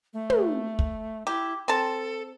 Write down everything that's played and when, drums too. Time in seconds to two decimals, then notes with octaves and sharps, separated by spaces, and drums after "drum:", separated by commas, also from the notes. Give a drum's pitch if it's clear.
0.13 A3
0.30 drum: tom
0.79 drum: kick
1.27 E4 G4
1.68 C4 A4 A5